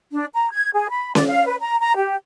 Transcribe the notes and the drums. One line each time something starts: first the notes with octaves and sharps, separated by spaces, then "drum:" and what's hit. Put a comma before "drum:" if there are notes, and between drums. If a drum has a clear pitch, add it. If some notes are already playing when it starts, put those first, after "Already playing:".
D4
A#5
G#6
G#4
B5
D5, drum: snare C#4
F5
B4
A#5
A#5
G4